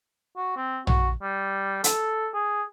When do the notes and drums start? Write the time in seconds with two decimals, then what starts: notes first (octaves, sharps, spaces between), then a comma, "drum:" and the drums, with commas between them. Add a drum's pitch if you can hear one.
0.37 F#4
0.57 C4
0.87 F#4, drum: tom A#1
1.22 G3
1.84 A4, drum: hi-hat
2.34 G#4